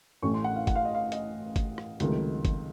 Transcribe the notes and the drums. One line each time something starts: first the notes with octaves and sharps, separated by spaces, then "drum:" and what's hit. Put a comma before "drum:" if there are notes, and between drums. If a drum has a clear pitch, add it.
A1 A2 A3 C#4 C#6
C6
F#5
F5
F#5, drum: kick G1, hi-hat
F5
D#5
F5
D#5, drum: hi-hat
drum: kick G1, hi-hat
drum: rim click
C#2 C3 D#3 F#3 A3, drum: hi-hat
drum: kick G1, hi-hat